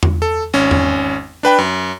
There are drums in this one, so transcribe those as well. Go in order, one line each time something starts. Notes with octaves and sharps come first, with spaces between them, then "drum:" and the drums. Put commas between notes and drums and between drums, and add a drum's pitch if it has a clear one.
drum: tom E2
A4
G#1 C#4
drum: tom E2
D4 B4 G5 B5
F#2